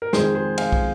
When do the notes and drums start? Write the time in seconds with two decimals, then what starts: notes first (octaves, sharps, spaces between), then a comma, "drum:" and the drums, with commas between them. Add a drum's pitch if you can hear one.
0.02 A#4
0.13 F2 D#3 G#3 G#4 C5, drum: snare
0.35 G#4 C5
0.57 F5 G#5, drum: cymbal
0.72 drum: kick